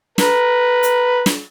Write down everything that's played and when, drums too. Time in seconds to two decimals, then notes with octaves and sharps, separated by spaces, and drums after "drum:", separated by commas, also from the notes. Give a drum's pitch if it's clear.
0.18 B4 A#5, drum: snare
0.83 drum: hi-hat
1.26 drum: snare